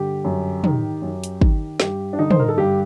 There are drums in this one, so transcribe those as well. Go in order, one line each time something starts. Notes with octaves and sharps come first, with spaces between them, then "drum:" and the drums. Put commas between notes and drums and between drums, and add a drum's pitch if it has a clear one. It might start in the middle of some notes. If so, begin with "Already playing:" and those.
Already playing: G2 D3 G4
F#2
D#3, drum: tom
F#2
drum: hi-hat
D#3, drum: kick
G2 G4, drum: snare
D4
D3 D#4
C5, drum: tom
A#4
A4
G2 G4